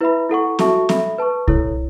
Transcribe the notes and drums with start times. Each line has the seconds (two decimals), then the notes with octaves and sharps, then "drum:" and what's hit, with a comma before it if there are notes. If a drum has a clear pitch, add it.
0.01 E4 B4 E5 B5
0.29 E4 A4 F#5 C#6
0.59 F#4 A4 E5 A5 C#6, drum: snare C4
0.89 A4 E5 B5, drum: snare C4
1.18 B4 A5 C#6
1.48 E4 A4 C#5, drum: kick C2